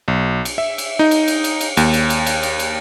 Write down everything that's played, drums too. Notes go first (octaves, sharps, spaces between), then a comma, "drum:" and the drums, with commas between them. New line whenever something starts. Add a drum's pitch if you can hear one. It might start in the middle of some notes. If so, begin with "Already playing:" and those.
B1
drum: cymbal
E5
drum: cymbal
D#4
drum: cymbal
drum: cymbal
drum: cymbal
drum: cymbal
D#2, drum: cymbal
drum: cymbal
drum: cymbal
drum: cymbal
drum: cymbal
drum: cymbal